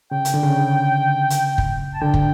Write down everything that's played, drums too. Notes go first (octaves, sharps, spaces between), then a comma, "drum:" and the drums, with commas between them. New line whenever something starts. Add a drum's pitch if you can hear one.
C#3 G5
drum: hi-hat
D3
C#3
drum: hi-hat
drum: kick
A5
D3 G5
drum: kick